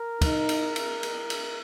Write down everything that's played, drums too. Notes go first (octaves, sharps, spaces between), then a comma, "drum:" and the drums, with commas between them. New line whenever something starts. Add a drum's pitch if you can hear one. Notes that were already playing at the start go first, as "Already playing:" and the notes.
Already playing: A#4
D#4, drum: kick, cymbal
drum: cymbal
drum: cymbal
drum: cymbal
drum: cymbal